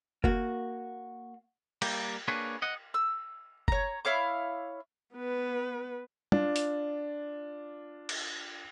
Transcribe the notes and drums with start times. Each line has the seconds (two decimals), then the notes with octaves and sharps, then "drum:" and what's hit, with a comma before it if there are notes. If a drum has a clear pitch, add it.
0.24 A#3 F#4, drum: kick F#1
1.82 G3 A#3 G4, drum: cymbal
2.28 A#3 D4 G#4 B4 C#5
2.62 D#5 F#5
2.94 E6
3.68 C#5 A#5, drum: kick F#1
4.05 E4 C#5 F5 D6
5.14 B3 B4
6.32 D4 F4, drum: tom
6.56 drum: hi-hat
8.09 drum: cymbal